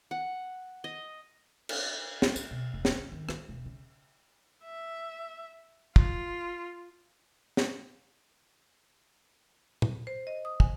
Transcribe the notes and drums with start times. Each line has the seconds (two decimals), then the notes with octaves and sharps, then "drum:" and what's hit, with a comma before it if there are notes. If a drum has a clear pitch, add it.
0.11 F#5
0.84 D#5
1.69 drum: cymbal
2.22 D#4, drum: snare
2.36 C4, drum: tambourine
2.51 B2
2.73 E1
2.85 drum: snare
2.98 F2
3.12 D#3
3.29 G#3, drum: rim click
3.49 E1
3.66 C#3
4.64 E5
5.96 F4, drum: kick
7.57 drum: snare
9.82 drum: tom
10.07 C5
10.27 D#5
10.45 D#6
10.60 G#5, drum: kick